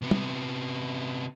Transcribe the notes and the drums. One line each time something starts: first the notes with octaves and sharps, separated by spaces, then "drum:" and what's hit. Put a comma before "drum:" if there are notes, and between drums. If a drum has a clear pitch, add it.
C3 B3
drum: tom